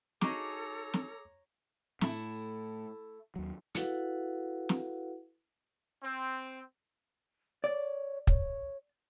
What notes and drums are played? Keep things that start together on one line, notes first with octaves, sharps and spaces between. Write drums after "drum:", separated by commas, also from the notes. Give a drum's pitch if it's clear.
D#4 F#4 G#4 A4 C#5 A#5 D6, drum: snare
drum: snare
A2 A3 E4, drum: snare
D#2 F#3
E4 F#4 A4 B4 F5 F#5, drum: hi-hat
drum: snare
C4
C#5 D5
C#5, drum: kick